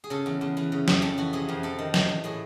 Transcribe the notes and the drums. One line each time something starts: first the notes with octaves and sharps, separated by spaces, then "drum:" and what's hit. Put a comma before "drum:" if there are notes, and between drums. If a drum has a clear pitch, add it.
G#4
C#3 A4
E2
E2
E3
C#3
F2, drum: snare
F2 A4
E3 F#4
C3 G#4
F2
F2 A4
D#3
E3, drum: snare
E3
A2 G#4